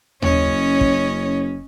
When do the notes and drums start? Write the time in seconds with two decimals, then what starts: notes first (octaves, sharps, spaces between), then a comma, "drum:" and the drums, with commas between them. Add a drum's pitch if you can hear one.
0.22 F#1 C#4 C#5 D#5, drum: tom D#2
0.81 drum: kick